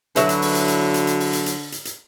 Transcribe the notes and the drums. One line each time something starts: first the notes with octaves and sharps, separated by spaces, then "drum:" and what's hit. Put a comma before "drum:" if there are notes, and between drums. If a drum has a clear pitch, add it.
D3 F#3 E4 B4, drum: hi-hat
drum: hi-hat
drum: open hi-hat
drum: hi-hat
drum: hi-hat
drum: hi-hat
drum: hi-hat
drum: open hi-hat
drum: hi-hat
drum: hi-hat
drum: hi-hat
drum: hi-hat